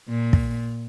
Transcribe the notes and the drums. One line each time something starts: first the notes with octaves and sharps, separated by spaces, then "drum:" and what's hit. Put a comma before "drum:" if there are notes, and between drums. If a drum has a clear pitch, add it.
A#2
drum: kick